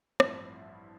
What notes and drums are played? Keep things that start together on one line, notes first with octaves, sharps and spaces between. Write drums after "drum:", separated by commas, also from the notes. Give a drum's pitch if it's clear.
A1 G2 F3 C4 E4, drum: rim click